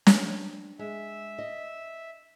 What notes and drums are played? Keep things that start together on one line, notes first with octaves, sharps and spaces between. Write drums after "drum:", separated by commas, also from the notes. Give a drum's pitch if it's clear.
C4 D4, drum: snare
G#3 E5
D#5